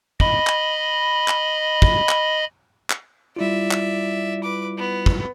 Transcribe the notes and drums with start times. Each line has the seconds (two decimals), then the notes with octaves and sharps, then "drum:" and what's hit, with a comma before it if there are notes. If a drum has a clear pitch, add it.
0.20 D#5 B5, drum: kick
0.47 drum: clap
1.28 drum: clap
1.82 drum: kick
2.09 drum: clap
2.90 drum: clap
3.36 G3 E4 F4 D5 E5
3.71 drum: clap
4.43 B4 D6
4.78 B3
5.06 drum: kick